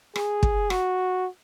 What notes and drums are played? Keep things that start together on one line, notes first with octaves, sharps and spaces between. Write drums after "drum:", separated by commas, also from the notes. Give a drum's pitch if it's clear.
G#4, drum: rim click
drum: kick
F#4, drum: rim click